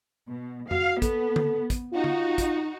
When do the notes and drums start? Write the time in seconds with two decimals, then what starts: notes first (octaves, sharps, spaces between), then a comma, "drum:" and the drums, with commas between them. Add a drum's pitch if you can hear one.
0.29 B2
0.71 F#4 F5, drum: tom F2
1.02 B3 A4, drum: kick, hi-hat
1.36 drum: tom D3
1.70 drum: kick, hi-hat
1.93 D#4 F4 F#4
2.04 drum: tom D3
2.38 drum: kick, hi-hat